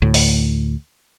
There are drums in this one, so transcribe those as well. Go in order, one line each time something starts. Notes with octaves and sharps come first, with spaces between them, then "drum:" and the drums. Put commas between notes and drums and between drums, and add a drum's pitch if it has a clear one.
D2 A2
drum: open hi-hat